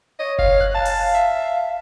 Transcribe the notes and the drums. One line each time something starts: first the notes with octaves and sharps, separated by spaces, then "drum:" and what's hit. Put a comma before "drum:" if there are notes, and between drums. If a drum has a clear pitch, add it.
C#5 D#5
F5, drum: kick F#1
F#6
F5 A5
drum: open hi-hat
E5